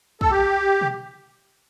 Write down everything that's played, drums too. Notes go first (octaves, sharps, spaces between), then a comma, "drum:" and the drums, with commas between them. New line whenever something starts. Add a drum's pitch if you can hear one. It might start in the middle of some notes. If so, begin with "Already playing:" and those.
A4, drum: kick
G4
drum: tom B2